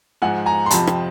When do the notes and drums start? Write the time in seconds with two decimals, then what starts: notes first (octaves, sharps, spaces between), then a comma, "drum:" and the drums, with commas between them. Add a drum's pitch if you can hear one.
0.22 G#2 F3 F#5 G#5
0.46 G#5 A#5
0.66 C6
0.70 F2 C3 F3 A5 B5, drum: hi-hat
0.87 drum: rim click